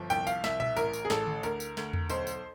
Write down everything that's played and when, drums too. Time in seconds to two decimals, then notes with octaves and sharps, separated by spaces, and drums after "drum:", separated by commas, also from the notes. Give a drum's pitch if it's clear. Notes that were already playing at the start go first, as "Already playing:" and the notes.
Already playing: G1 F3
0.10 C2 G5, drum: tambourine
0.27 F5, drum: tambourine
0.44 C2 E5, drum: snare
0.60 E5, drum: tom A#2
0.76 A1 A#4, drum: tambourine
0.93 drum: tambourine
1.05 G#4
1.10 A1 A4, drum: snare
1.27 drum: tom D3
1.43 D2 A#4, drum: tambourine
1.60 drum: tambourine
1.77 D2, drum: snare
1.93 drum: tom E2
2.09 B1 C5, drum: tambourine
2.27 drum: tambourine